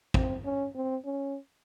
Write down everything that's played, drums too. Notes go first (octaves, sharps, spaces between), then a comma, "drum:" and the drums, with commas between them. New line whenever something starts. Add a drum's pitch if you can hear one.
C4, drum: kick
C#4
C4
C#4